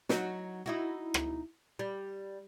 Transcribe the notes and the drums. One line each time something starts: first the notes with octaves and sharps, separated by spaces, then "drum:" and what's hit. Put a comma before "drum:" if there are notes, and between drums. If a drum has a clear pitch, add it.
F#3 D#4 F#4, drum: snare
D#4 E4 F#4
drum: rim click
G3